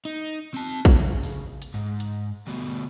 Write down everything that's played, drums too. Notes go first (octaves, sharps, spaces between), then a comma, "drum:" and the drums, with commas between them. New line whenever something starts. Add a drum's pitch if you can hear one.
D#4
C4 A5
C#3, drum: kick, hi-hat
drum: open hi-hat
drum: hi-hat
G#2
drum: hi-hat
D2 B2